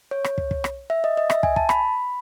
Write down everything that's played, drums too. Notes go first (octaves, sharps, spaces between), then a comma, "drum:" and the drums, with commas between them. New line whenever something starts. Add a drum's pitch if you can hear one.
C#5
drum: rim click
drum: kick
drum: kick
drum: rim click
E5
D#5
D#5
E5, drum: rim click
G#5, drum: kick
A5, drum: kick
B5, drum: rim click